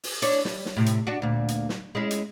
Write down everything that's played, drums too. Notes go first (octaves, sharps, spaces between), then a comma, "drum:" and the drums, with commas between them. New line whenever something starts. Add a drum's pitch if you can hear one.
drum: open hi-hat
D4 E4 C#5, drum: hi-hat
G3, drum: snare
drum: snare
A2 C3
drum: hi-hat
D4 F#4
D2 A#2
drum: hi-hat
drum: snare
G#3 C#4 E4
drum: hi-hat